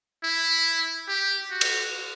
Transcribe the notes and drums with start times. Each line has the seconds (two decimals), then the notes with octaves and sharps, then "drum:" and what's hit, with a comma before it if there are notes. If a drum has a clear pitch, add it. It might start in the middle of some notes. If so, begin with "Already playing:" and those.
0.23 E4
1.08 G4
1.51 F#4
1.61 drum: cymbal